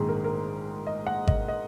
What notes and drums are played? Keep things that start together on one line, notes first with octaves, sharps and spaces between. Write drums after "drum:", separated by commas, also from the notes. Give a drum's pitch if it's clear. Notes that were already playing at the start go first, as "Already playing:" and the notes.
Already playing: A#1 G#2 D#3 G#3 G#4
A#4
A#4
D#5
F#5
D#5, drum: kick G#1
D#5